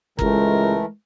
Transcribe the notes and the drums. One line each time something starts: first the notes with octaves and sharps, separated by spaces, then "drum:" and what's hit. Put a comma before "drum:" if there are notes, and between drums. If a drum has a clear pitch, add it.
C#2 E3 G#3 A3 A#4, drum: kick